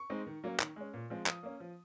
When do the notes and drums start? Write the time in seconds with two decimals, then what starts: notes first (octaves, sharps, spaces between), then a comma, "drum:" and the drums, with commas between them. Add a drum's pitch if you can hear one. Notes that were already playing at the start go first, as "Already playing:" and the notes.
Already playing: C#6
0.10 G#3 C4 D#4
0.27 D#3
0.44 F#3 A#3 C#4
0.60 D#3, drum: clap
0.76 G#3 C#4
0.94 A#2
1.10 F3 G#3 C4
1.26 F3 D#6, drum: clap
1.43 A#3 C#4
1.60 F3